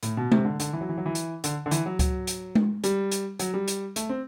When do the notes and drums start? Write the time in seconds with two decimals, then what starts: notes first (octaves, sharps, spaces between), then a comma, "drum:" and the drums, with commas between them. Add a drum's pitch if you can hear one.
0.03 A2, drum: hi-hat
0.17 B2
0.32 C3, drum: tom G#3
0.45 D3
0.60 D3, drum: hi-hat
0.73 E3
0.81 F#3
0.89 E3
0.97 F#3
1.06 E3
1.15 drum: hi-hat
1.44 D3, drum: hi-hat
1.66 D3
1.71 E3, drum: hi-hat
1.86 F#3
1.99 F#3, drum: kick C#2, hi-hat
2.27 drum: hi-hat
2.55 drum: tom G#3
2.84 G3, drum: hi-hat
3.12 drum: hi-hat
3.39 F#3, drum: hi-hat
3.54 G3
3.68 drum: hi-hat
3.96 A3, drum: hi-hat
4.09 C4